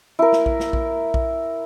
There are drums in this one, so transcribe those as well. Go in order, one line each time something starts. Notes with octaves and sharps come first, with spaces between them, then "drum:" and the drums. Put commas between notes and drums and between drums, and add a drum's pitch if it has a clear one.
E4 A#4
drum: snare
drum: kick A#1
drum: snare
drum: kick A#1
drum: kick A#1